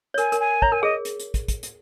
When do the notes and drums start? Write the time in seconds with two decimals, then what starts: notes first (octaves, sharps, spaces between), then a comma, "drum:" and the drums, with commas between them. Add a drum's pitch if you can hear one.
0.14 C#5
0.18 A#4 G#5, drum: hi-hat
0.32 A#4, drum: hi-hat
0.40 G#5
0.62 C#5 A#5, drum: kick
0.72 A#4 G#5
0.83 G#4 D#5
1.05 drum: hi-hat
1.20 drum: hi-hat
1.34 drum: kick, hi-hat
1.48 drum: kick, hi-hat
1.63 drum: hi-hat